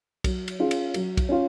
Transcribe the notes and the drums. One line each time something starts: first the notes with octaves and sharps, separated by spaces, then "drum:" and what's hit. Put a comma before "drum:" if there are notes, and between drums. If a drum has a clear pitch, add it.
F#3, drum: kick, cymbal
drum: cymbal
C#4 F4 G#4
drum: cymbal
F#3, drum: cymbal
drum: kick, cymbal
C#4 F4